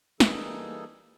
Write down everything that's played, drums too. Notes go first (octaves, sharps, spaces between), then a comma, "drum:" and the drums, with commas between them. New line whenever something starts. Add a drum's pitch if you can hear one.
E3 G3 A#3 D#4 G#4 A4, drum: snare